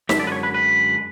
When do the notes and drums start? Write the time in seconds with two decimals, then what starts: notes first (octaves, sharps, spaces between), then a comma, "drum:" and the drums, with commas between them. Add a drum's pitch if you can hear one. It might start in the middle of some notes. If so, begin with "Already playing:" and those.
0.09 F#2 D3 G#3 E5, drum: snare
0.20 D5
0.27 B4
0.32 C#5
0.43 B4
0.54 B4